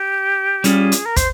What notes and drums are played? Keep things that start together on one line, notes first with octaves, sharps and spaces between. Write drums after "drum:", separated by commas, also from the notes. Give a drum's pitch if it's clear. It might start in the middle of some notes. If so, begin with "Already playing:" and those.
Already playing: G4
G3 C#4 F4 G#4, drum: hi-hat
drum: hi-hat
A#4
C5, drum: kick, hi-hat